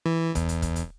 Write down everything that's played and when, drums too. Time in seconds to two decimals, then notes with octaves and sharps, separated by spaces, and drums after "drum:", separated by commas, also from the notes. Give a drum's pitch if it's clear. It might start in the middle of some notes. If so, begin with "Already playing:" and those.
0.06 E3
0.35 E2, drum: kick, hi-hat
0.49 drum: hi-hat
0.62 drum: kick, hi-hat
0.76 drum: hi-hat